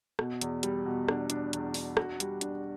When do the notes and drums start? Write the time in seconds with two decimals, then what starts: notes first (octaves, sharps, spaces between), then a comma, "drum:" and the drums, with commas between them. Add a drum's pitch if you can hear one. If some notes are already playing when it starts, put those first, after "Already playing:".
0.19 B2, drum: rim click
0.41 E2, drum: hi-hat
0.63 G3, drum: hi-hat
0.86 B2
1.08 D4, drum: rim click
1.30 D4, drum: hi-hat
1.53 E2, drum: hi-hat
1.74 D4, drum: open hi-hat
1.97 F#4, drum: rim click
2.20 G3, drum: hi-hat
2.41 D4, drum: hi-hat